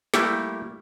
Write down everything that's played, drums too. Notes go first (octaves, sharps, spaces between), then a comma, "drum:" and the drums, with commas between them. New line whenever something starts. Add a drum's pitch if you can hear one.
G3 A3 A#3 E4 G4, drum: snare